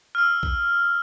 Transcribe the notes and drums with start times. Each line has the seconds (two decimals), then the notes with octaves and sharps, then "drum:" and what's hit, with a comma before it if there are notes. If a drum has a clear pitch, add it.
0.15 E6 F6
0.43 drum: kick